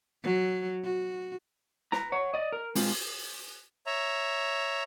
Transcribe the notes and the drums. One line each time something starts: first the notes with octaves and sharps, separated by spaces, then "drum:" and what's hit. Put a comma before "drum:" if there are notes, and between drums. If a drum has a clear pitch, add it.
F#3
F#4
B4 A#5, drum: snare
C#5 F#5
D5 D#5
A#4
G#3 C4 F4, drum: open hi-hat
C#5 E5 A#5